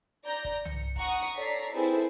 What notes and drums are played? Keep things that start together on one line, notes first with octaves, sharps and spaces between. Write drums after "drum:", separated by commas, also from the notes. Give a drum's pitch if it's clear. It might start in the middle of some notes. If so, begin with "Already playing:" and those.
D5 A#5 G6 A#6
drum: kick
C#7, drum: tom
F#5 A#5 C#6 D#6, drum: kick
drum: hi-hat
A4 C#5 D5 A#5 B6 C7
C4 E4 G#4 A4 B4 C5